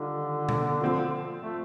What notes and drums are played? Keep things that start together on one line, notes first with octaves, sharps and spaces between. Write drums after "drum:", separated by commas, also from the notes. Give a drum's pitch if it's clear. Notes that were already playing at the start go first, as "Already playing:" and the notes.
Already playing: D3 D#3 G3 F4
drum: tom B2
F3 C4 F4
A3